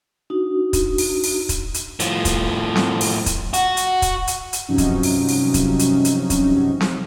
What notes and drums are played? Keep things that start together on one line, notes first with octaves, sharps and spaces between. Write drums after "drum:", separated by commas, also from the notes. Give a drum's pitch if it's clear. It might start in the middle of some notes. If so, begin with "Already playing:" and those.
D4 D#4 F#4 D#6
drum: kick, hi-hat
drum: open hi-hat
drum: open hi-hat
drum: kick, hi-hat
drum: hi-hat
A2 F3, drum: hi-hat
drum: kick, hi-hat
drum: snare C4
drum: open hi-hat
drum: kick, hi-hat
F#4, drum: hi-hat
drum: hi-hat
drum: kick, hi-hat
drum: hi-hat
drum: hi-hat
G2 C3 F3 F#3 C#4 D#4
drum: kick, hi-hat
drum: open hi-hat
drum: open hi-hat
drum: kick, hi-hat
drum: hi-hat
drum: hi-hat
drum: kick, hi-hat
drum: snare C4